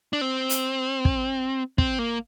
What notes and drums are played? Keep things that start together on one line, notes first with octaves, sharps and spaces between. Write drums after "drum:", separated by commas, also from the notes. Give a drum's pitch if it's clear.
D4
C4
drum: hi-hat
drum: kick
C4, drum: kick
A#3